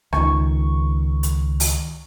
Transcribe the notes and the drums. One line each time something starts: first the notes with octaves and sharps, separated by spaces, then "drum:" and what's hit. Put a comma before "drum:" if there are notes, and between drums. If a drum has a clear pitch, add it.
C#2 D#3 C#6, drum: rim click
drum: hi-hat
drum: open hi-hat